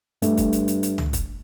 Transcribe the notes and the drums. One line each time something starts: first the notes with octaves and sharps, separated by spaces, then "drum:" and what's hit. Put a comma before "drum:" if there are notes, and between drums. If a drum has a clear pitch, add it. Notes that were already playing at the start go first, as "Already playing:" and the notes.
G2 A3, drum: hi-hat
drum: kick, hi-hat
drum: hi-hat
drum: hi-hat
drum: hi-hat
drum: tom
drum: kick, hi-hat